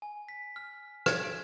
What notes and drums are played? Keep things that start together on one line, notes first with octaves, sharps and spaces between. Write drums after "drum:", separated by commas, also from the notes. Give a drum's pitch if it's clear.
G#5
B6
F6
G#6, drum: rim click
D7